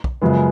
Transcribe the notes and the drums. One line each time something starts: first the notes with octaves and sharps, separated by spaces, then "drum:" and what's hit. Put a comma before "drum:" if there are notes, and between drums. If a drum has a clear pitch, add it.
drum: kick B1
F#2 C#3 F3 G#3 B3